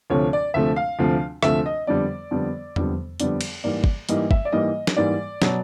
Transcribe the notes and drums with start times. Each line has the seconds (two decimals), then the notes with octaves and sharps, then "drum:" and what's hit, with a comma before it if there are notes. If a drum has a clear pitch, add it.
0.10 D2 C3 F3 A3 C#5
0.33 D5
0.54 D2 C3 F3 A3 E5
0.76 F5
0.99 D2 C3 F3 A3
1.43 D2 C3 F3 A3 E5, drum: rim click
1.66 D#5
1.87 F2 D3 G3 B3 D5
2.31 F2 D3 G3 B3
2.76 F2 D3 G3 B3, drum: tom E2
3.20 F2 D3 G3 B3 D5, drum: hi-hat
3.41 drum: cymbal
3.64 G#2 E3 G3 A#3 D5
3.84 drum: kick
4.09 G#2 E3 G3 A#3 D#5, drum: hi-hat
4.31 E5, drum: kick
4.45 D5
4.52 G#2 E3 G3 A#3 D#5
4.87 drum: snare
4.96 G#2 E3 G3 A#3 D5
5.42 B2 F#3 B3, drum: snare